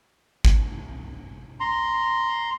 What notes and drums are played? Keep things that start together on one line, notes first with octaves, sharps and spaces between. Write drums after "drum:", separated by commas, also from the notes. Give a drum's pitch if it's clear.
drum: kick G#1
A#5 C6